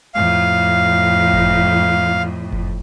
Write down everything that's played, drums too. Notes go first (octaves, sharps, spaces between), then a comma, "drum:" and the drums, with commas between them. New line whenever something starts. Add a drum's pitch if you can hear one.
F2 A2 F5
drum: kick F#1
drum: kick F#1